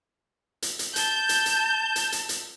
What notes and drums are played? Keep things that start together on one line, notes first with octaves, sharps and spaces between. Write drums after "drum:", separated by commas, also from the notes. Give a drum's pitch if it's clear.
drum: hi-hat
drum: hi-hat
A5 G6, drum: hi-hat
drum: hi-hat
drum: hi-hat
drum: hi-hat
drum: hi-hat
drum: hi-hat